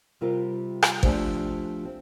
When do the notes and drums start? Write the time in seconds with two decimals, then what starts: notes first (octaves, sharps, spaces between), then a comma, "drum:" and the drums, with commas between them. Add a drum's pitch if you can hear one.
0.21 C3 G3 C4 F4 A#4
0.83 drum: rim click
1.03 F3 A3 D4 G4 C5, drum: kick G#1
1.85 C4